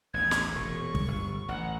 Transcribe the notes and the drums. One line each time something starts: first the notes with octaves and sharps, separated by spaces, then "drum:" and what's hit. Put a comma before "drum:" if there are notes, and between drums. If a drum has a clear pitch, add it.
A1 D#2 G#6
drum: snare
E1 A#2 C#6
drum: kick
G1
A1 F#5